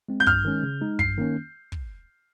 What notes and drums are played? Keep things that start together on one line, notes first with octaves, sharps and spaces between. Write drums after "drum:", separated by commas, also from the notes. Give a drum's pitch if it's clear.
G#3 C4
G6
G2 F6, drum: kick
D#3 G#3 C#4
C#3
G#3 D#4
G2 C7, drum: kick
D#3 A#3 C#4
drum: kick